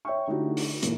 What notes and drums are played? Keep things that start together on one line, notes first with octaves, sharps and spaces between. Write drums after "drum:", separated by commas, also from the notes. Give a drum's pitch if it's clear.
C#5 E5 G5 C#6
D3 A3 D#4 E4 F#4 G4
drum: open hi-hat
A#2 E3 A#3, drum: hi-hat